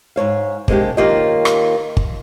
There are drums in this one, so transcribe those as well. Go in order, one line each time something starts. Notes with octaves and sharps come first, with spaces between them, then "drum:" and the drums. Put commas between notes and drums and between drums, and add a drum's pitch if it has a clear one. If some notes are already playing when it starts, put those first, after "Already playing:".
G#2 C3 C#5 F5
C3 G#3 A#3 B3 D4 G4, drum: kick G1
D#3 A#3 F4 G4 C#5 D#5
drum: rim click
drum: kick G1